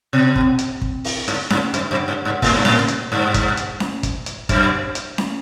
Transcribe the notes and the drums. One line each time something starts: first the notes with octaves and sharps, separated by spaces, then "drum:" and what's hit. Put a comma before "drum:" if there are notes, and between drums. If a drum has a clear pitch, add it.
B2
drum: kick
drum: hi-hat
drum: kick
drum: open hi-hat
G2, drum: hi-hat
G2, drum: snare C#4
F#2, drum: hi-hat
F#2
G2
G2
A2, drum: kick, open hi-hat
G2
A2, drum: snare C#4
drum: hi-hat
G2
drum: kick, hi-hat
drum: hi-hat
drum: snare C#4
drum: kick, hi-hat
drum: hi-hat
F#2, drum: kick, hi-hat
drum: hi-hat
drum: snare C#4